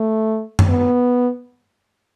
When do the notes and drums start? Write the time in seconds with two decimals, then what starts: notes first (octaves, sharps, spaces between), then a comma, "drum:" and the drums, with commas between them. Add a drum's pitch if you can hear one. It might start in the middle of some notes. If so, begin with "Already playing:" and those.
Already playing: A3
0.59 drum: tom F#2
0.69 B3